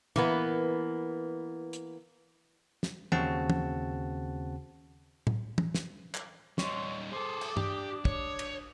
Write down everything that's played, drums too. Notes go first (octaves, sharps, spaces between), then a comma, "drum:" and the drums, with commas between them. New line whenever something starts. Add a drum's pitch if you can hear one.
E3 A#3 B3, drum: tom
drum: hi-hat
drum: snare
D#2 C#3 C4 F#4 F#5 A5, drum: tom
drum: tom
drum: tom A2
drum: tom
drum: snare
drum: clap
G3 D#4 C#5 C6, drum: snare
G#4 A4 C5 D6 D#6
drum: cymbal
D4 G4, drum: tom G2
C#5, drum: kick
drum: cymbal